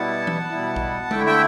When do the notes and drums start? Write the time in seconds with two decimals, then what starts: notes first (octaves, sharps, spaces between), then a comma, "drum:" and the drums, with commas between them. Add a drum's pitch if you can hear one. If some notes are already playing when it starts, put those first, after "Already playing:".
Already playing: B2 G3 B3 E4 F#5 A5
0.27 drum: tom E3
0.51 B2 G3 B3 E4
0.76 drum: kick
1.11 D3 A3 E4 E5 G5, drum: tom G#3
1.26 E5 G5